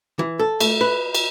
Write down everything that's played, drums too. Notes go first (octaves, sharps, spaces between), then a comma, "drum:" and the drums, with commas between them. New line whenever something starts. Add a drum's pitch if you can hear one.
E3
A4
A3, drum: cymbal
B4
drum: cymbal